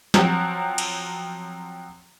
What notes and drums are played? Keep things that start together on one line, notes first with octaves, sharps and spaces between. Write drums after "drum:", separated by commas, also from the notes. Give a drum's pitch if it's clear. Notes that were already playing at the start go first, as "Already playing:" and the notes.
F3 F#3 C4 F#4, drum: snare
drum: cymbal